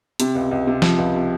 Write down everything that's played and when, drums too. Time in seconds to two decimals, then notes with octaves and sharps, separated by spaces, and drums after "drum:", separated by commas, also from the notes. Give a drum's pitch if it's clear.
0.20 C3, drum: hi-hat
0.35 C#2
0.51 C#2
0.67 C3
0.82 F3, drum: snare
0.98 C#2
1.15 C3